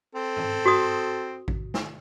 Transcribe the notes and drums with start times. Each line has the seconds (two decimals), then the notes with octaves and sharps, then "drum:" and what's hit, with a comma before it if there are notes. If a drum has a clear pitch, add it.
0.15 C4 A4
0.37 drum: tom
0.66 F#4 D#6
1.48 drum: kick A1
1.74 drum: snare